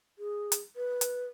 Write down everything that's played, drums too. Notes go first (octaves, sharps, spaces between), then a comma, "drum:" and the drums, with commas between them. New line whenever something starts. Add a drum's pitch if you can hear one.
G#4
drum: hi-hat
B4
drum: hi-hat